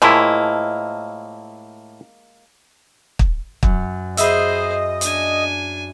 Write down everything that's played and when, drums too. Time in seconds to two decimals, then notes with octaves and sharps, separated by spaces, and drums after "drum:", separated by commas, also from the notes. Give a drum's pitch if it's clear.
0.02 A2 F3 G#3 A#3 E4
3.19 drum: kick
3.63 F#2, drum: kick
4.17 G#4 C5 D#5 E5 B5, drum: hi-hat
5.01 D4 G#5, drum: hi-hat